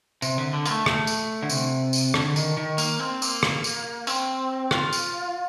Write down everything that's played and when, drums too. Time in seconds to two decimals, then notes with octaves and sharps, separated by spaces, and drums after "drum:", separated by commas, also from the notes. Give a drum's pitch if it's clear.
0.22 C3, drum: tambourine
0.38 D3
0.53 D3
0.65 A#3, drum: tambourine
0.70 A3
0.86 A3, drum: rim click
1.07 drum: tambourine
1.43 D3
1.50 C3, drum: tambourine
1.93 drum: tambourine
2.14 D3, drum: rim click
2.36 D#3, drum: tambourine
2.57 D#3
2.78 A#3, drum: tambourine
2.99 C4
3.22 A#3, drum: tambourine
3.43 drum: rim click
3.64 drum: tambourine
4.07 C4, drum: tambourine
4.71 F4, drum: rim click
4.93 drum: tambourine